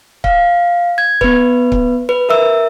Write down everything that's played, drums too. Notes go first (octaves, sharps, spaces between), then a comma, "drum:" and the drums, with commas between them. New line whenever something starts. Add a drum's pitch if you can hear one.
F5, drum: kick C#1
G#6
B3 B4, drum: kick C#1
drum: kick C#1
B4
A#4 E5 E6